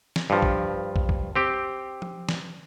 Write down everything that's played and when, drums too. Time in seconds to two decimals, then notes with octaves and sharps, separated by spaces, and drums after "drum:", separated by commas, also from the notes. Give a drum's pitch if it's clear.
0.16 drum: snare
0.30 G2 F3
0.42 drum: kick
0.96 drum: kick
1.09 drum: kick
1.36 C4 G4 G5
2.02 drum: tom F3
2.29 drum: snare